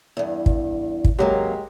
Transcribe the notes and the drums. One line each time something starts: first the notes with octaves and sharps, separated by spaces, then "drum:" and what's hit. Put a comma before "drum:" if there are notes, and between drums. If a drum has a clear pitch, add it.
E2 G2
drum: kick
drum: kick
C#3 F#3 G#3 A#3 F#4 G4